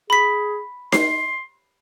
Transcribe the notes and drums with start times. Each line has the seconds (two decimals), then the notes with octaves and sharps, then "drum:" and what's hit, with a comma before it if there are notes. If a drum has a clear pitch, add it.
0.10 G#4 B5 B6
0.92 C6 C7, drum: snare D#4